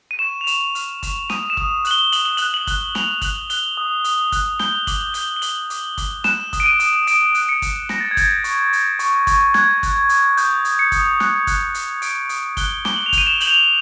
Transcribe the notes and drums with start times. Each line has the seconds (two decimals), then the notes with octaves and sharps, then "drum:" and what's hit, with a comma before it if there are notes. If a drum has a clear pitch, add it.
0.11 D#7
0.19 C#6 E7
0.41 F7
0.47 C#6 E7, drum: hi-hat
0.75 F6, drum: hi-hat
1.03 C#6, drum: kick, hi-hat
1.30 D#6 D#7, drum: snare
1.50 E7
1.57 D#6, drum: kick
1.85 F#6 F#7, drum: hi-hat
1.91 G7
2.12 D#6 F#7, drum: hi-hat
2.25 G7
2.37 F#6 F#7, drum: hi-hat
2.54 F#7
2.67 F#6, drum: kick, hi-hat
2.95 D#6 F7, drum: snare
3.22 F#6 F#7, drum: kick, hi-hat
3.50 F#6 G7, drum: hi-hat
3.77 D#6
4.04 D#6, drum: hi-hat
4.32 F#6, drum: kick, hi-hat
4.59 G6 G7, drum: snare
4.87 D6 F#7, drum: kick, hi-hat
5.14 G6 G7, drum: hi-hat
5.36 G7
5.42 D6 F#7, drum: hi-hat
5.70 D6, drum: hi-hat
5.98 D6, drum: kick, hi-hat
6.24 F#6 E7, drum: snare
6.53 D#6, drum: kick, hi-hat
6.60 D7
6.66 D#7
6.80 D#6, drum: hi-hat
7.07 D#6 D7, drum: hi-hat
7.35 F#6 D7, drum: hi-hat
7.49 C#7
7.62 D#6, drum: kick, hi-hat
7.89 G6 A#6, drum: snare
8.01 A6
8.11 G#6
8.17 G6 A6, drum: kick, hi-hat
8.44 C#6, drum: hi-hat
8.73 G6, drum: hi-hat
8.99 C#6, drum: hi-hat
9.27 C#6, drum: kick, hi-hat
9.54 F#6 G#6, drum: snare
9.83 F#6, drum: kick, hi-hat
10.09 D#6, drum: hi-hat
10.37 D#6 G6, drum: hi-hat
10.65 D#6, drum: hi-hat
10.79 C#7
10.92 D#6, drum: kick, hi-hat
11.20 F#6, drum: snare
11.47 F#6, drum: kick, hi-hat
11.74 F#6, drum: hi-hat
12.02 D#6 D7, drum: hi-hat
12.29 D#6, drum: hi-hat
12.57 F#6 G7, drum: kick, hi-hat
12.85 D6 G7, drum: snare
12.96 F#7
13.06 F7
13.13 G6, drum: kick, hi-hat
13.18 D#7
13.27 E7
13.40 G6 F#7, drum: hi-hat
13.47 F7